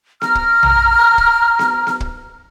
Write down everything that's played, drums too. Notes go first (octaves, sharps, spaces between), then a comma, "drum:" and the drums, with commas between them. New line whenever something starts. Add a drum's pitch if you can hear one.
A#5 F6, drum: snare B3
drum: kick
drum: tom A#1
drum: kick
drum: snare B3
drum: snare B3
drum: kick